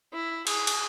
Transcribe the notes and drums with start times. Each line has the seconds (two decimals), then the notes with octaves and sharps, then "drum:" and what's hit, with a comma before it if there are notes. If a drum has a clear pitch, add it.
0.13 E4
0.47 G#4, drum: cymbal
0.67 drum: cymbal